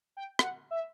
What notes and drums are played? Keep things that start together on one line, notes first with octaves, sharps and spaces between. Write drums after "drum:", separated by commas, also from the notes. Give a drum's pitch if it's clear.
G5
F#5, drum: rim click
E5